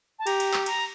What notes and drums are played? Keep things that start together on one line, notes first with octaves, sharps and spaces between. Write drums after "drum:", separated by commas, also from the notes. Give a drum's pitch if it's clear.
A5
G4 A#5, drum: cymbal
drum: cymbal
drum: clap
A#5, drum: cymbal